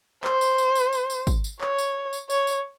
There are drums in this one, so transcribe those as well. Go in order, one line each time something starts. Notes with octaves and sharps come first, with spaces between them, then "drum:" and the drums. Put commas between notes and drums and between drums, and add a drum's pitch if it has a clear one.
C5, drum: clap
drum: tambourine
drum: tambourine
drum: tambourine
drum: tambourine
drum: tambourine
drum: kick, tambourine
drum: tambourine
C#5, drum: clap
drum: tambourine
drum: tambourine
C#5, drum: tambourine
drum: tambourine